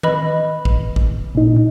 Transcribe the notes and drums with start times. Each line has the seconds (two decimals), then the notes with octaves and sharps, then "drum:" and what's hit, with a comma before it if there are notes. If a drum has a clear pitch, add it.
0.03 B4 D#5 B5, drum: tom D#3
0.65 drum: kick
0.96 drum: kick
1.35 A#2 D#4